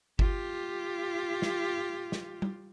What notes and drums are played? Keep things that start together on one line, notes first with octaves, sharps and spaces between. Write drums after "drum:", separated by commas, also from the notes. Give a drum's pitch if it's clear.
F4 G4, drum: kick G1
drum: snare
drum: snare
drum: tom G3